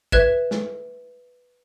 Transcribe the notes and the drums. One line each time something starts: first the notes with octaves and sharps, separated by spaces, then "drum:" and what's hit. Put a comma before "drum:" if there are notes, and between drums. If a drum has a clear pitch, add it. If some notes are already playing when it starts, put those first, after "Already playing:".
B4 E5 F#6 G#6 E7, drum: kick
drum: snare